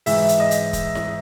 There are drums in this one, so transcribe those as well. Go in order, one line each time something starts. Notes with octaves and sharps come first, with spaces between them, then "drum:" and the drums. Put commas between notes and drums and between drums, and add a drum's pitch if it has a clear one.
G#2 E3 E5, drum: open hi-hat
drum: hi-hat
D#5
drum: hi-hat
drum: kick, hi-hat
drum: snare E4